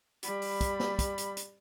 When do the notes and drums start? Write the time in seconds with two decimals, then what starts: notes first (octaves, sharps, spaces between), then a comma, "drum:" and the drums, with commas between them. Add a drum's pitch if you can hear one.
0.23 G3 B5, drum: hi-hat
0.42 drum: open hi-hat
0.61 drum: kick, hi-hat
0.80 drum: snare
0.99 drum: kick, hi-hat
1.18 drum: hi-hat
1.37 drum: hi-hat